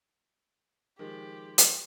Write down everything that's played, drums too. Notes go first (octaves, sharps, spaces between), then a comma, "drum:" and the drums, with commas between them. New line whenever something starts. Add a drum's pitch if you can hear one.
D#3 F3 G#3 G4
drum: hi-hat